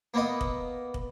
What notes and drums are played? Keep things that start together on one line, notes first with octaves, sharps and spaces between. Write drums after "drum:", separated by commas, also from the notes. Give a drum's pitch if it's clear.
A#3 B3 D#5
drum: kick
drum: kick